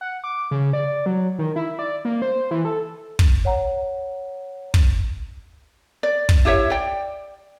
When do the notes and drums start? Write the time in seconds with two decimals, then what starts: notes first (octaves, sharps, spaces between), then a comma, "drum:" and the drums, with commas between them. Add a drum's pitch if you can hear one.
0.01 F#5
0.24 D6
0.51 C#3
0.73 D5
1.06 F#3
1.39 D#3
1.56 E4
1.79 D5
2.05 A#3
2.22 C5
2.51 E3
2.65 A4
3.19 drum: kick
3.45 C#5 F#5 A#5
4.74 drum: kick
6.03 D5
6.29 drum: kick
6.45 E4 G4 C#5 E5
6.70 D5 G5